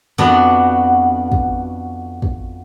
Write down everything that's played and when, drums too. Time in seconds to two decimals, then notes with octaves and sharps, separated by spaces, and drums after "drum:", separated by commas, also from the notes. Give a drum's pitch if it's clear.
0.18 F2 B3 D4 F#4
1.32 drum: kick
2.22 drum: kick